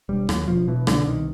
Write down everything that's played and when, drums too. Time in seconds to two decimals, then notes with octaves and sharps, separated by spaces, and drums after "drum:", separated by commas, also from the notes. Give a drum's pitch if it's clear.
0.09 E1 G3
0.29 D#2 F#3, drum: rim click
0.48 E1 F3
0.68 B2 E3
0.87 C2 D3, drum: rim click
1.07 C2 D#3